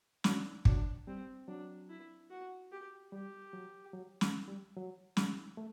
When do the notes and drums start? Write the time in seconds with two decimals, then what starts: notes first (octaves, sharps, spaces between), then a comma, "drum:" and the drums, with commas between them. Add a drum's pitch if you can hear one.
0.24 F#3 D4, drum: snare
0.65 F#3 D4, drum: kick
1.07 G3 C4
1.48 F#3 D4
1.89 E4
2.30 F#4
2.71 G4
3.12 G3 G4
3.53 F#3
3.93 F#3
4.21 G3, drum: snare
4.48 G3
4.76 F#3
5.17 G3, drum: snare
5.57 A3